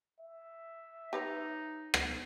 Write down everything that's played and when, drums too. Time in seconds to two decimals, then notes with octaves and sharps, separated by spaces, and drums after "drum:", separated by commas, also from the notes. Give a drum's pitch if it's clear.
0.20 E5
1.13 D#4 G4 B4 C#5
1.94 drum: rim click